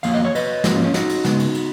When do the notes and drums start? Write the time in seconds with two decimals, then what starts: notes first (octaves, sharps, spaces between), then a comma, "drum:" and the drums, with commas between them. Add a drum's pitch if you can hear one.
0.03 F2 D#3 F#3 A#3 F5, drum: cymbal
0.14 D#5
0.24 C#5
0.35 B4 D#5, drum: cymbal
0.64 G#2 F3 A#3 F#4 A#4, drum: snare
0.74 C#4 F4
0.84 C#4 F4
0.94 D#4 F#4, drum: snare
1.09 drum: cymbal
1.24 C#3 G#3 B3, drum: snare
1.39 drum: cymbal
1.54 drum: cymbal